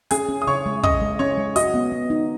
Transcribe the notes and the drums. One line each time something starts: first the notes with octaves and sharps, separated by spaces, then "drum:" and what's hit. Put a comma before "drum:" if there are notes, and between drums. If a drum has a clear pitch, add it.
C#4 G#4 G#5, drum: hi-hat
C#4
D#6
C#3 C#5 C#6
G#3
C#4 D#5 D#6, drum: kick
G#3
C#4 C#5 C#6
G#3
F#4 D#5 D#6, drum: hi-hat
B3
B3
D#4